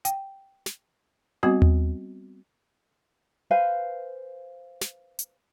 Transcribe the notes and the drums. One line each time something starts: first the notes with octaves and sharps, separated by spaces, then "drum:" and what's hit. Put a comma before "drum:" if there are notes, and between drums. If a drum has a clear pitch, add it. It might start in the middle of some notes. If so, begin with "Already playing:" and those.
G5, drum: hi-hat
drum: snare
G3 B3 C4 F#4
drum: tom D#2
B4 C5 F5 G#5
drum: snare
drum: hi-hat